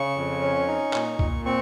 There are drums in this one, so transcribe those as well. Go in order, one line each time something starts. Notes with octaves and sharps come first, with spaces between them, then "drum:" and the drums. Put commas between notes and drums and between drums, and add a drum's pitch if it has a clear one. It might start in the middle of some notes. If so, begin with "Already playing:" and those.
Already playing: C#3 C#6
F2
C#4
D#4
A#2, drum: clap
A#2, drum: kick C2
C4 C#6